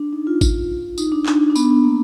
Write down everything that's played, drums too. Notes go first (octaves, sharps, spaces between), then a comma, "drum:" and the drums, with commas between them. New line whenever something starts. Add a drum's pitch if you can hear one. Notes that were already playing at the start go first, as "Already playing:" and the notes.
Already playing: D4
D#4
F4
drum: kick G#1, tambourine
D#4, drum: tambourine
D4
D4, drum: clap
D4
B3, drum: tambourine
A#3